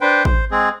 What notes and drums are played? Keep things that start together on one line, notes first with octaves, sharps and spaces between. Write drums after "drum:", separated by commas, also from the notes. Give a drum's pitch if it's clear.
D4 B4 C5 G5
C5, drum: kick
G#3 C4 G#4